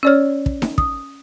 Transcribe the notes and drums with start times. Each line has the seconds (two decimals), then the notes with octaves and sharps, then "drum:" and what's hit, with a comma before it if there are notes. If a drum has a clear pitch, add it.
0.03 C#4 C#5 D5 E6 F6
0.46 drum: kick
0.62 drum: snare D#4
0.78 D#6, drum: kick